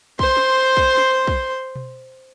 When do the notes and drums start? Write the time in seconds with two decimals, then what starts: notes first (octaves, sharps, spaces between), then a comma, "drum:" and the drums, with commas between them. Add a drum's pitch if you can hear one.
0.19 C5 C6, drum: kick
0.36 drum: snare
0.77 drum: kick
0.97 drum: snare
1.27 drum: kick
1.76 drum: tom B2